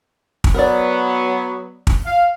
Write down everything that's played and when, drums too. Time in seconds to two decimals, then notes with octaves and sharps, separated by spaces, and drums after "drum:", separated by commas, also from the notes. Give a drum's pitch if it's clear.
0.44 drum: kick
0.54 F#3 B3 A#4 D5
1.87 drum: kick
2.05 F5